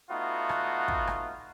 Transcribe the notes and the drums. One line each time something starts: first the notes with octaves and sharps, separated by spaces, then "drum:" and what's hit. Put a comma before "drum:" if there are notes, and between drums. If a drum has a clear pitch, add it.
A3 B3 D#4 F4 F#4
drum: rim click
drum: kick
drum: rim click